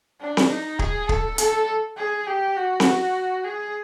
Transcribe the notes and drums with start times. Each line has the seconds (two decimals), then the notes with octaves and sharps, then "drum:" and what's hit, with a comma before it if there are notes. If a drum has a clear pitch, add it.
0.21 D4
0.37 drum: snare C4
0.50 D#4
0.79 G#4, drum: kick
1.09 A4, drum: kick
1.38 A4, drum: hi-hat
1.97 G#4
2.27 G4
2.56 F#4
2.80 drum: snare C4
3.45 G#4